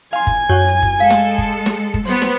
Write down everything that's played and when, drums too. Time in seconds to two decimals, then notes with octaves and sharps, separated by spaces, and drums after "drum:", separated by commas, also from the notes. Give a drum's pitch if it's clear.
0.13 F5 G#5 C6, drum: hi-hat
0.27 drum: kick F#1, hi-hat
0.49 F#2 C#5 F#5
0.69 drum: hi-hat
0.83 drum: kick F#1, hi-hat
1.00 G#3 A4 F5
1.10 drum: snare
1.24 drum: hi-hat
1.38 drum: kick F#1, hi-hat
1.52 drum: hi-hat
1.66 drum: snare
1.80 drum: hi-hat
1.94 drum: kick F#1, hi-hat
2.05 G3 B3 C5, drum: open hi-hat
2.22 drum: snare